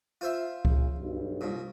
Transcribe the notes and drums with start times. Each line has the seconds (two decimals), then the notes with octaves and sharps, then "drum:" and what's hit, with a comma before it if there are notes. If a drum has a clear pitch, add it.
0.21 F4 C5 E5
0.65 A#1 C#3, drum: kick C#2
0.99 B1 G2
1.41 C2 A#2